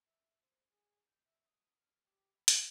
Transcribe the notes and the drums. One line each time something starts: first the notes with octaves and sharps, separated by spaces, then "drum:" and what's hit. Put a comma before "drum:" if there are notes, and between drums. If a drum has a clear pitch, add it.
E5
C5
G#4
G6
E5
D#6
F6
G4
B5
F#5, drum: hi-hat